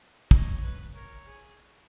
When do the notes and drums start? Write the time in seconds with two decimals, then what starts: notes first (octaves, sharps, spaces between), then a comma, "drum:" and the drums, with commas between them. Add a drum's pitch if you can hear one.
0.31 C#5 D#5, drum: kick
0.63 B4
0.94 A#4 C#5
1.27 G#4